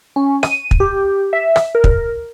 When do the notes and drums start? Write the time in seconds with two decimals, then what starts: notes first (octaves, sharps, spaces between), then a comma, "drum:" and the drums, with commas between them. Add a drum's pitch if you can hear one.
0.16 C#4
0.43 D#7, drum: rim click
0.71 drum: kick
0.80 G4
1.33 E5
1.56 drum: rim click
1.75 A#4
1.84 drum: kick